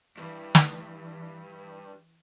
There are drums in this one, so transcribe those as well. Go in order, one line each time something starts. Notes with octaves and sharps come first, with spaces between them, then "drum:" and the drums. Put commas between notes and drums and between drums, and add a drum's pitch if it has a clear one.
G2 E3
drum: snare